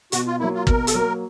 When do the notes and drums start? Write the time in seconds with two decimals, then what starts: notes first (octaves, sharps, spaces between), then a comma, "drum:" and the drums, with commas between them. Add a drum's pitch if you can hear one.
0.12 B2 F#4, drum: hi-hat
0.27 F4
0.40 F#3 A#3 E4
0.54 F4
0.67 B2 A#4, drum: kick
0.87 A4, drum: hi-hat
0.94 F#3 A#3 A#4